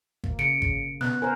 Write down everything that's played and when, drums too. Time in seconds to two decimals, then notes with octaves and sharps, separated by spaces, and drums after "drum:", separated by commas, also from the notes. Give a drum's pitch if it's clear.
0.24 A#3, drum: kick G1
0.39 C#3 C#7 D7
0.62 drum: kick G1
1.01 B3 F#6, drum: snare
1.22 A#4 C5 G#5 A#5